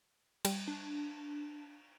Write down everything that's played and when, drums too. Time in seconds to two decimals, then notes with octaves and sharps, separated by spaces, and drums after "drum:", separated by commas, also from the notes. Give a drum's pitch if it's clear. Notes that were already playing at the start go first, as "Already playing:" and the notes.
0.45 G3, drum: cymbal
0.68 D4